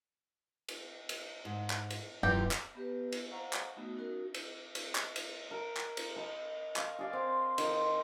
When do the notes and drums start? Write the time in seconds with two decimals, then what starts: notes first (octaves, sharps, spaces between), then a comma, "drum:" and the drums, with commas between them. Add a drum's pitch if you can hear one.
0.68 drum: cymbal
1.09 drum: cymbal
1.45 G#2
1.70 drum: clap
1.90 drum: cymbal
2.23 D#1 F#2 E3 B3 F4 G4
2.51 drum: clap
2.75 B3 G4 B4
3.12 drum: cymbal
3.31 C5 F5 F#5 A#5 C#6
3.53 drum: clap
3.77 A3 B3 D#4 F#4
3.97 C#4 D#4 F#4 A#4
4.34 drum: cymbal
4.75 drum: cymbal
4.95 drum: clap
5.16 drum: cymbal
5.51 A#4
5.77 drum: clap
5.97 drum: cymbal
6.16 D#5 B5
6.76 F5 C#6, drum: clap
6.99 G#4 D5 F5
7.13 C4 C5 D6
7.58 D#3 C5, drum: cymbal